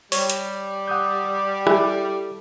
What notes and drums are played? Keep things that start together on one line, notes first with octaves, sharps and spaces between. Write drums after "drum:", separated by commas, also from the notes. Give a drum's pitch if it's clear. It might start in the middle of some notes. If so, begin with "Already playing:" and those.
G3 C#5, drum: open hi-hat
drum: hi-hat
F#5 D6 D#6 G6
E4 A4, drum: rim click